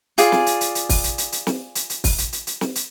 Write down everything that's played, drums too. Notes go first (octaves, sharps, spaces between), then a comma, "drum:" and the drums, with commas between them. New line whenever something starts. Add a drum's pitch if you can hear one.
F4 G#4 D5 G#5, drum: hi-hat
drum: snare
drum: hi-hat
drum: hi-hat
drum: hi-hat
drum: kick, open hi-hat
drum: hi-hat
drum: hi-hat
drum: hi-hat
drum: snare
drum: hi-hat
drum: hi-hat
drum: kick, open hi-hat
drum: hi-hat
drum: hi-hat
drum: hi-hat
drum: snare
drum: hi-hat